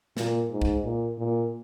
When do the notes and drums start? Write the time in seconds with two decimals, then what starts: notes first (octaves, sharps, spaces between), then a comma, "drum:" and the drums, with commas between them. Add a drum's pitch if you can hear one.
0.17 A#2, drum: snare
0.51 G#2
0.62 drum: kick B1
0.84 A#2
1.18 A#2